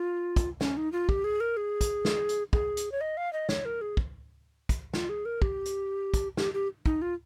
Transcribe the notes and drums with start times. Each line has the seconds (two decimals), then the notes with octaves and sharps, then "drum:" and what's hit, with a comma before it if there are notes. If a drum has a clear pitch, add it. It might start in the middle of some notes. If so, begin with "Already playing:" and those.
Already playing: F4
0.36 drum: kick, hi-hat
0.61 C#4, drum: snare
0.77 D#4
0.92 F4
1.09 G4, drum: kick
1.24 G#4
1.40 A#4
1.57 G#4
1.81 drum: kick, hi-hat
2.05 drum: snare
2.29 drum: hi-hat
2.53 G#4, drum: kick
2.77 drum: hi-hat
2.92 C#5
3.01 D#5
3.17 F5
3.33 D#5
3.49 C#5, drum: snare
3.65 A#4
3.81 G#4
3.97 drum: kick
4.69 drum: kick, hi-hat
4.94 F4, drum: snare
5.09 G#4
5.25 A#4
5.42 G4, drum: kick
5.65 drum: hi-hat
6.14 drum: kick, hi-hat
6.37 G4, drum: snare
6.54 G4
6.86 D#4, drum: kick
7.02 F4